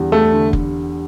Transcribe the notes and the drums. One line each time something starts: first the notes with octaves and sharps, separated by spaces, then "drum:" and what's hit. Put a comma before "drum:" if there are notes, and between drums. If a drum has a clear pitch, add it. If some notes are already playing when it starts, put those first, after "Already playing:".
Already playing: E2 D3 G3
E2 A3
D3
drum: kick F1